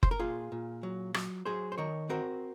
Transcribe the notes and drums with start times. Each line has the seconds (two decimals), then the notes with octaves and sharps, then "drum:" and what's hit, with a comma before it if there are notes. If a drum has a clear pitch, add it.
0.03 C5, drum: kick F#1
0.11 A#4
0.19 A#2 F4 G#4
0.52 A#2
0.83 F#3
1.14 F#3, drum: rim click
1.46 F#3 G#4 C5
1.72 C5
1.78 D#3 A#4 C#5
2.09 C4 F#4 A#4